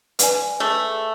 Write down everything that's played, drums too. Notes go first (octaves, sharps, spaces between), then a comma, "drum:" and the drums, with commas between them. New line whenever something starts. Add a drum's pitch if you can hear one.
B4 D5 G#5, drum: hi-hat
A3 G#4